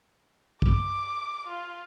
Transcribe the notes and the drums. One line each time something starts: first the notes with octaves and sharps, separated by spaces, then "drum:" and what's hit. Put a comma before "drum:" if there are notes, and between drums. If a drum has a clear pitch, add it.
D6, drum: kick
F4